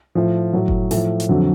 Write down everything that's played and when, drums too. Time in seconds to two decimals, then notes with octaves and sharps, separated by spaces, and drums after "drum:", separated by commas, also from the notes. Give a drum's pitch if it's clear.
0.15 A2 F3
0.53 A2 F#3
0.68 drum: kick F#1
0.91 A2 F3, drum: open hi-hat
1.20 drum: hi-hat
1.29 F2 D3 F#3